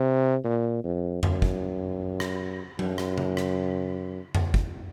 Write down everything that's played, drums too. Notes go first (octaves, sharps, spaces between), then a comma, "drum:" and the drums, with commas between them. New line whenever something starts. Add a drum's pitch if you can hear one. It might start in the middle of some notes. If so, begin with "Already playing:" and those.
Already playing: C3
A#2
F2
F#2, drum: tom F2
drum: kick
drum: rim click
F#2, drum: tom F#3
drum: rim click
drum: tom C#3
drum: rim click
drum: tom F2
drum: kick